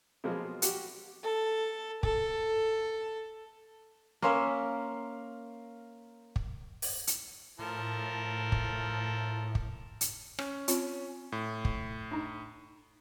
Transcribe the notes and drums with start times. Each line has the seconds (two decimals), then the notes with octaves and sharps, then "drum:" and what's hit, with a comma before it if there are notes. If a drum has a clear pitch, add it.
0.24 B2 F3 F#3 G#3 A#3 C4
0.62 F#4 G4, drum: hi-hat
1.23 A4
2.03 A4, drum: kick
4.22 A#3 C#4 A#4 E5 F5 C6
6.36 drum: kick
6.82 drum: open hi-hat
7.07 drum: hi-hat
7.59 A2 F3 A4 A#4
8.52 drum: kick
9.55 drum: kick
10.01 drum: hi-hat
10.39 C#4, drum: rim click
10.68 C4 F4 C#5, drum: hi-hat
11.32 A2
11.65 drum: kick
12.11 D4 D#4